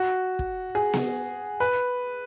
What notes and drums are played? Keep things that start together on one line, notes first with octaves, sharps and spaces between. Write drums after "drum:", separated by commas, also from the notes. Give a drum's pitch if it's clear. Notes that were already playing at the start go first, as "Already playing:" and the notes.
Already playing: F#4
drum: kick
G#4
drum: snare B3
B4